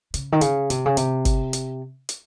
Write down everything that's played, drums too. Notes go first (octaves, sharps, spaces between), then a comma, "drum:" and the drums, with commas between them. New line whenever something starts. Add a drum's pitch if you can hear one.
C#3, drum: hi-hat
D#3
C#3, drum: hi-hat
C3, drum: hi-hat
C#3
C3, drum: hi-hat
drum: kick, hi-hat
drum: hi-hat
drum: hi-hat